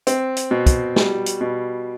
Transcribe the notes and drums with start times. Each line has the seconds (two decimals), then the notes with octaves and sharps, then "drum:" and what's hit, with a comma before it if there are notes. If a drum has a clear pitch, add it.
0.07 C4, drum: hi-hat
0.37 drum: hi-hat
0.51 B2
0.66 drum: kick, hi-hat
0.96 G3, drum: snare
1.26 drum: hi-hat
1.41 B2